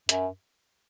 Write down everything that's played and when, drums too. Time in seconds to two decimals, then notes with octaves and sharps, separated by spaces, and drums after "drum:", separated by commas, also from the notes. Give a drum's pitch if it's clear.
0.09 F#2, drum: hi-hat